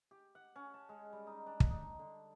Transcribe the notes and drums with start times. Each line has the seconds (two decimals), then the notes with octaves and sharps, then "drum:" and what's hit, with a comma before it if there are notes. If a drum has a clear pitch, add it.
0.11 G4
0.35 F#5
0.56 C#4
0.74 A5
0.89 G#3
1.13 G3
1.27 D#4
1.46 D4
1.60 drum: kick
1.71 D#4
1.99 D3